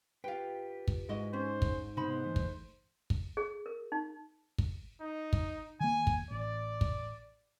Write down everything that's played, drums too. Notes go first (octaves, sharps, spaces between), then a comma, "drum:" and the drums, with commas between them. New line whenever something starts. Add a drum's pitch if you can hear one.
F4 G4 B4 F5 G5
drum: kick
G#2 E4 F#4 D#5
C#4 C5
drum: kick
C3 B3 D#4 C5 B5
E3 A3
drum: kick
drum: kick
G#4
A#4
D#4
drum: kick
D#4
drum: kick
D#3 A#3 G#5
drum: kick
A1 D5
drum: kick